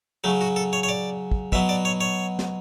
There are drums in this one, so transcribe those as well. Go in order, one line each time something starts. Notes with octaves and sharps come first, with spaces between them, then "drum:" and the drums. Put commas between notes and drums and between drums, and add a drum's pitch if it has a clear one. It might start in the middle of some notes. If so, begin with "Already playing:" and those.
C#3 F#3 A3
F#4
A4
C#5
C#5
D5
drum: kick
B2 F#3 E5, drum: kick
D5
C#5
C#5
drum: snare